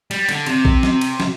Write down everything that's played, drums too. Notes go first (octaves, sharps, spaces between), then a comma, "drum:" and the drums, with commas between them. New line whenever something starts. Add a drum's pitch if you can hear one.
G3, drum: cymbal
D3, drum: cymbal
C3, drum: cymbal
drum: kick A#1
drum: snare
drum: cymbal
drum: snare